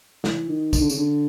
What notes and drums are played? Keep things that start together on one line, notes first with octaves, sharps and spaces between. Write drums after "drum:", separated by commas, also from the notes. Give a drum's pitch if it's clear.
E3, drum: snare
D#3
D#3, drum: kick, tambourine
D3
C#3, drum: tambourine
D3